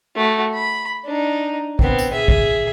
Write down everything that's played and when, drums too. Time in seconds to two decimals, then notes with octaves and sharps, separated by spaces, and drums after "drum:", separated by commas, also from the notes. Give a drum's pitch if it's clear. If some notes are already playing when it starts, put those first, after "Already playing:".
0.16 A3 F#4
0.54 B5
1.05 D4 D#4
1.79 B3 C4, drum: kick
1.99 drum: tambourine
2.13 G#4 E5
2.28 drum: kick